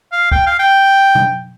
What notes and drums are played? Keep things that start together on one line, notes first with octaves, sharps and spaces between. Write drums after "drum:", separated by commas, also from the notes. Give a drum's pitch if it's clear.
F5
G5, drum: kick
F5
G5
drum: tom B2